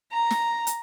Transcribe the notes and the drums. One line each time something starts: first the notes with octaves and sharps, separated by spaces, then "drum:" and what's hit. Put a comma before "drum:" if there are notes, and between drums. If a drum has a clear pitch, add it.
A#5
drum: snare
drum: hi-hat